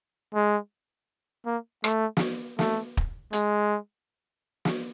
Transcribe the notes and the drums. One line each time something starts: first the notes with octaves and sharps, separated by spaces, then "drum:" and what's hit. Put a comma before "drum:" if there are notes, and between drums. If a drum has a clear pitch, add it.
G#3
A#3
A3, drum: rim click
drum: snare
A3, drum: snare
drum: kick
G#3, drum: hi-hat
drum: snare